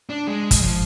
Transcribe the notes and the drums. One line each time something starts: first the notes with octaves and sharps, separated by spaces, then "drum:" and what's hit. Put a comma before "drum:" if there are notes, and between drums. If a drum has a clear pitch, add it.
D4
G#3
drum: kick, hi-hat
F3